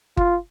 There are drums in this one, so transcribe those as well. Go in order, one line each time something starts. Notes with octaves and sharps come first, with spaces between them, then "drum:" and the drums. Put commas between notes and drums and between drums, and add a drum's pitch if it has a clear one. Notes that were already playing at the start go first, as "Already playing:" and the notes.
F4, drum: kick G1